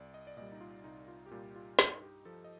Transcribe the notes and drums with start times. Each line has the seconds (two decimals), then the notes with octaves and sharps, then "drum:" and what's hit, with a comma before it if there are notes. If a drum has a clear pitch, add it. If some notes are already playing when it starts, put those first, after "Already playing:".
Already playing: C2 D5
0.14 D#5
0.27 D5
0.37 A#2 G3 D#5
0.52 D#4
0.61 F4
0.84 C2 D#4
1.08 F4
1.26 G4
1.31 A#2 G3 F4
1.56 F4
1.79 G2 D#4, drum: snare
2.02 G4
2.25 F3 A4
2.44 D#5